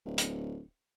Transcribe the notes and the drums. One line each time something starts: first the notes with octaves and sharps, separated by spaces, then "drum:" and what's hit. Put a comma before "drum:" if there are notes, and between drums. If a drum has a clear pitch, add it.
D1
drum: hi-hat